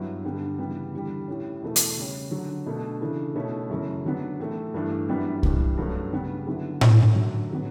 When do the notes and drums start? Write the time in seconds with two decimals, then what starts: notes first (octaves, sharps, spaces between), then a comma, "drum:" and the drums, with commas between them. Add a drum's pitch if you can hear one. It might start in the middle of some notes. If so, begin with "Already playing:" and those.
Already playing: G2 F#3 B3 E4
0.24 G2 D3 G3 B3 D4
0.58 C#3 E3 G3 B3
0.94 E2 D3 G3
1.28 A2 G3 C#4
1.63 E2 B2 A3
1.76 drum: hi-hat
1.97 C#3 G3 C#4
2.31 D3 F#3 C#4
2.66 B2 A3 D4
3.01 C#3 E3 A3 D4
3.36 B2 A3 C#4 E4
3.70 F#2 C#3 E3 A3 C#4
4.05 D3 F#3 B3 D4
4.40 A2 E3 A3
4.74 G2 E3 A3 D4
5.08 F#2 E3 G3 B3 D4
5.43 G2 E3 G3 D4, drum: kick C2
5.77 G2 F#3 A3 C#4
6.12 C#3 G3 B3 D4
6.46 D3 F#3 B3 E4
6.81 D3 A3 C#4, drum: tom A2
7.15 F#2 D3 F#3
7.51 D3 F#3 B3